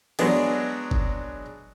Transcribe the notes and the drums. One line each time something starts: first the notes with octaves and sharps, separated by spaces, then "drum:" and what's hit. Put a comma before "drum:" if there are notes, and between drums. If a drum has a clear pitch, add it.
F#3 G#3 B3 D4 G#4, drum: cymbal
drum: kick F#1